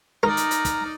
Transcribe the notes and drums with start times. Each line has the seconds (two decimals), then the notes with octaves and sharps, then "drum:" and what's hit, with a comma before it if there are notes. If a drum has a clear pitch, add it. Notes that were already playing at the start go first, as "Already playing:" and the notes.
0.23 D#4 A#4 D5 A#5 F6
0.37 drum: hi-hat
0.51 drum: hi-hat
0.65 drum: kick, hi-hat